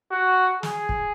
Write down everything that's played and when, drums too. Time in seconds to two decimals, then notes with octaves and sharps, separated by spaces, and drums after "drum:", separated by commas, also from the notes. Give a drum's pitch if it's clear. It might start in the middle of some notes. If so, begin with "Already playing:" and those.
0.12 F#4
0.63 G#4, drum: snare
0.89 drum: kick